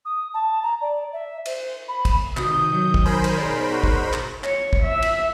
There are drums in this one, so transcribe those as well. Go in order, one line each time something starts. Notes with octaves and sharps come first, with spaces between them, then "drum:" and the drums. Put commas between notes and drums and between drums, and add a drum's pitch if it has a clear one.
D#6
A5
A#5
D5
E5
C5, drum: cymbal
B5
drum: kick, cymbal
C3 D#3 F#4 D#6 G6, drum: clap
F#3
drum: kick
A#4 C5 G#5 B5
drum: cymbal
B2 D#4 G#4 C#5 D5
F#4
drum: kick
drum: clap
C#5, drum: clap
drum: kick
E5
drum: cymbal